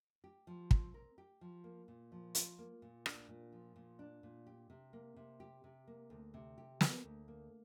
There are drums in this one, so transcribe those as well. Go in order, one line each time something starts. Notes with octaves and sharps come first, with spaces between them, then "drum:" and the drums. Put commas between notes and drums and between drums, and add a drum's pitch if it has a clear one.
G4
F3
C4, drum: kick
A#4
G4
F3
A#3
A#2
F3
F4, drum: hi-hat
A#3
A#2
D4, drum: rim click
A#2
F3
A#2
D4
A#2
G4
C3
A#3
C3
G4
C3
A#3
D2
C3
G4
A#3, drum: snare
D2
A#3